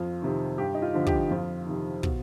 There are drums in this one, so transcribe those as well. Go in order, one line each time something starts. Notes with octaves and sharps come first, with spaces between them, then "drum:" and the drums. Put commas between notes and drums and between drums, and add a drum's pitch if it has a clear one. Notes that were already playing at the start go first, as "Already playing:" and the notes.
Already playing: F2 F4
C3 D#3
G2 G4
D#4
F4
D3 F3
G4, drum: kick
F2 F4
C3 D#3
B2, drum: kick